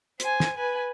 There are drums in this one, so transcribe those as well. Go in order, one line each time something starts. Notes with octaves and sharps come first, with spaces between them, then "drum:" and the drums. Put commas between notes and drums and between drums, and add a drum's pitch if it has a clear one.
C5 G#5, drum: hi-hat
drum: snare
B4 G#5